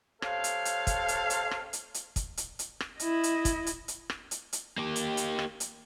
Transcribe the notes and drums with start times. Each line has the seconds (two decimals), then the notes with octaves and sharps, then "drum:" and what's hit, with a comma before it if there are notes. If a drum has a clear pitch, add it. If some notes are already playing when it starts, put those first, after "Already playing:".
0.22 C3 A4 C#5 F5, drum: rim click
0.44 drum: hi-hat
0.65 drum: hi-hat
0.87 drum: kick, hi-hat
1.08 drum: hi-hat
1.30 drum: hi-hat
1.51 drum: rim click
1.73 drum: hi-hat
1.94 drum: hi-hat
2.16 drum: kick, hi-hat
2.37 drum: hi-hat
2.59 drum: hi-hat
2.80 drum: rim click
3.00 E4 D#5, drum: hi-hat
3.23 drum: hi-hat
3.45 drum: kick, hi-hat
3.67 drum: hi-hat
3.88 drum: hi-hat
4.10 drum: rim click
4.31 drum: hi-hat
4.53 drum: hi-hat
4.78 A#3 G4
4.96 drum: hi-hat
5.17 drum: hi-hat
5.39 drum: rim click
5.60 drum: hi-hat